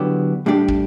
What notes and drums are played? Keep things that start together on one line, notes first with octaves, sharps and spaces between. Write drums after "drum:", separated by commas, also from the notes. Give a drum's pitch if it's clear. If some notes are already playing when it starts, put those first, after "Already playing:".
Already playing: D3 F#3 B3 E4 G4
A2 G3 D4 G4
drum: kick